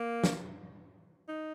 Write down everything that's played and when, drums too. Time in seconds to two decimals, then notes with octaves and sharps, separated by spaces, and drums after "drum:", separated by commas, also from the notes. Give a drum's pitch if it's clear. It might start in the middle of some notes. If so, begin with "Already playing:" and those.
Already playing: A#3
0.24 drum: snare
1.28 D#4